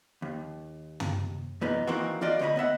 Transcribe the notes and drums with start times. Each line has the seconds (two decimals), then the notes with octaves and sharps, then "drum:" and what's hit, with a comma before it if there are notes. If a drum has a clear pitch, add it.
0.22 D#2
1.00 drum: tom
1.61 E2 A#2 B3 D#4
1.87 D#3 E3 A#3 C4 F#4
2.21 E3 F4 F#4 D5 D#5
2.39 D2 C3 C#5 D#5 B5
2.56 B3 D#5 E5 F#5